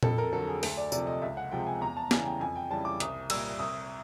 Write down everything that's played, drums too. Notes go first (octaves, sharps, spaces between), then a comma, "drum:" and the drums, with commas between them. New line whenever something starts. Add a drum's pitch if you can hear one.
F2 A4, drum: tom A#2
A#4
D3 F#3 A4
G#4
D2 A4, drum: open hi-hat
D5
C3 F3 D5, drum: tambourine
D#5
C#2 E5
F#5
C3 F3 G#3 G5
G#5
E2 A#5
A5
C#3 E3 G3 G#5, drum: snare
G5
F2 G#5
G5
C#3 E3 G3 A5
D6
C2 D#6, drum: hi-hat
A#2 G3 E6, drum: cymbal
C2 D#6